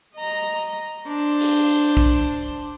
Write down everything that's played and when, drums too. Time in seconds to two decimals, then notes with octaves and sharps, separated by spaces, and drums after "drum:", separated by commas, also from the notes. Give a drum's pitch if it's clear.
0.17 D#5 A#5
1.08 D4 C5
1.41 drum: open hi-hat
1.97 drum: kick